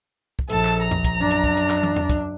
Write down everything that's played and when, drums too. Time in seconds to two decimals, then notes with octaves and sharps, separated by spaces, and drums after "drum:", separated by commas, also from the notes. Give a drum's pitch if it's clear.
0.39 drum: kick
0.50 A#1 A4 A5, drum: hi-hat
0.65 drum: clap
0.82 A#5
0.91 drum: tom E2
1.04 drum: kick, hi-hat
1.18 F#2 D4
1.31 drum: hi-hat
1.44 drum: kick
1.57 drum: hi-hat
1.70 drum: clap
1.83 drum: tom
1.96 drum: tom E2
2.09 drum: kick, hi-hat